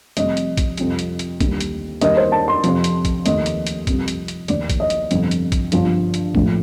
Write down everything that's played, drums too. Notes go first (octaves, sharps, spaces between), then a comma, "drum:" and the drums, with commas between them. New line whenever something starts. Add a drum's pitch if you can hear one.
F1 F2 C3 G3 D#5, drum: hi-hat
drum: hi-hat
drum: kick, hi-hat
F2 C3 G3, drum: hi-hat
drum: hi-hat
drum: hi-hat
D#2 D3 G3, drum: kick, hi-hat
drum: hi-hat
D#2 D#3 G3 D#5, drum: hi-hat
C5
A5
C6
F2 C3 F3, drum: hi-hat
drum: hi-hat
drum: kick, hi-hat
F1 D#2 D#3 A3 D#5, drum: hi-hat
drum: hi-hat
drum: hi-hat
F2 C3 G3, drum: kick, hi-hat
drum: hi-hat
drum: hi-hat
F1 D#2 D#3 D5, drum: hi-hat
drum: kick, hi-hat
D#5
drum: hi-hat
G1 F2 C3 F3, drum: hi-hat
drum: hi-hat
drum: kick, hi-hat
G1 G2 F3, drum: hi-hat
drum: hi-hat
A#1 A2 F3, drum: kick